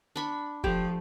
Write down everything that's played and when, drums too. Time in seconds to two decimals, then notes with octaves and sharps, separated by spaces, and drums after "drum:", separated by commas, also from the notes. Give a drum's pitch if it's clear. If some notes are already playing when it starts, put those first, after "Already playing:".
0.16 D4 B5 C#6
0.64 F3 A3 G4, drum: kick F1